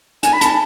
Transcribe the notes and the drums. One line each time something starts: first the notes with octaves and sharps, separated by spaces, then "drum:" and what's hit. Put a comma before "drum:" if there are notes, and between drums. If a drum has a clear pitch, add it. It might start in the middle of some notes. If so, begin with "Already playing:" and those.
G#5, drum: hi-hat
B5
A5, drum: hi-hat